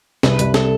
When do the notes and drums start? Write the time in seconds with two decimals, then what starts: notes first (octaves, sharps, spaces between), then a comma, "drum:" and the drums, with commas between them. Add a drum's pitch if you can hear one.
0.23 C2 B4, drum: snare
0.39 C2, drum: hi-hat
0.54 A4, drum: snare